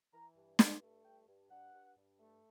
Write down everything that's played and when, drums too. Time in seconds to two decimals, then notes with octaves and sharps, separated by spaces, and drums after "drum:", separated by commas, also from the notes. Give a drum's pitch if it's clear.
0.13 E3 A#5
0.36 G2
0.59 G2 G#5, drum: snare
0.82 A3
1.05 G2 G5
1.27 G2
1.50 G2 F#5
1.73 G2
1.96 G2
2.19 A3